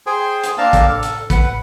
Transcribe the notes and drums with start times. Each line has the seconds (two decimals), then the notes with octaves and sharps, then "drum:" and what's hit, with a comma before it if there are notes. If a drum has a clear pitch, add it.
0.06 G#4 C5 G5
0.44 drum: hi-hat
0.58 A#3 C4 D4 A#4 F5 A5
0.73 drum: kick, hi-hat
0.88 A4
1.03 drum: hi-hat
1.30 B4 F#5, drum: kick, hi-hat